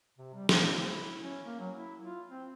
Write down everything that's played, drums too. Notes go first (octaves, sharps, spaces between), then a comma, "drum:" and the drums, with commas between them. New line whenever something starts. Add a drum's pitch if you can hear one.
C3
G3
E4, drum: snare
E4
C#4
A#3
F#3
E4
F4
C4